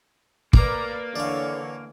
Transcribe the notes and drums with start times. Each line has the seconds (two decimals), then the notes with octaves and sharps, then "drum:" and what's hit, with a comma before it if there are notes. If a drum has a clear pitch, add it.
0.53 A#3 A#4 B4 D5 A#5 D6, drum: kick
1.16 D3 E3 C#5 D5 F5